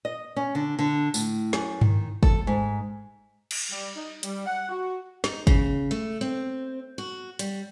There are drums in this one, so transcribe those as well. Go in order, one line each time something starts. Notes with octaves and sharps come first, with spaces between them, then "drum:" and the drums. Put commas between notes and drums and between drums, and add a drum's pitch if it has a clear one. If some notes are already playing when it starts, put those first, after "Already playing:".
D#5
C#4
D3
D3
A2, drum: tambourine
F#2, drum: snare
D#3, drum: tom G2
A4, drum: kick
G#2
drum: cymbal
G3
D#4
G3, drum: hi-hat
F#5
F#4
D#4, drum: snare
C#3, drum: kick
A3
C4
F#4
G3, drum: hi-hat